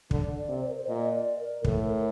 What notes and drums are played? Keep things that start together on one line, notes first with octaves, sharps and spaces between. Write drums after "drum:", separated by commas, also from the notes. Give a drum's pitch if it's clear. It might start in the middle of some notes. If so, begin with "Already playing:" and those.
D3, drum: kick
D5
C3
C5
A#4
C5
A#2 D#5
D5
A#4
A2 A4, drum: kick
A#4